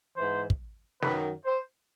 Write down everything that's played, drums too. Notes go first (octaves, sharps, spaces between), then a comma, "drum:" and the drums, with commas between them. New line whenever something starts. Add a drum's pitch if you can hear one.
G#2 E3 C5
drum: kick
F#2 D#3 F#3 B4, drum: snare
C5